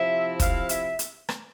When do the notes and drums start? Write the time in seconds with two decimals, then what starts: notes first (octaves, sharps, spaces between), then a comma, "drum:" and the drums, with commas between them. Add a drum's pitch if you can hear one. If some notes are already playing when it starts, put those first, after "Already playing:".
Already playing: C3 F3 C4 E4 E5
0.40 F5, drum: kick, hi-hat
0.69 E5, drum: hi-hat
0.99 drum: hi-hat
1.29 drum: rim click